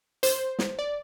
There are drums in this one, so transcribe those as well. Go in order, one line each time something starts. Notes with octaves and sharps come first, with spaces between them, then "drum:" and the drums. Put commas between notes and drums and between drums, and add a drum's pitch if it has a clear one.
C5, drum: hi-hat
drum: snare
D5